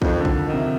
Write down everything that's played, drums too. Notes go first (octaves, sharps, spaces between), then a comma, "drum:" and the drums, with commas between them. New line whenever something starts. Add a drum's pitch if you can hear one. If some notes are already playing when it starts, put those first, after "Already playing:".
F2 D#3, drum: kick
D3
F2, drum: kick
D#3
C3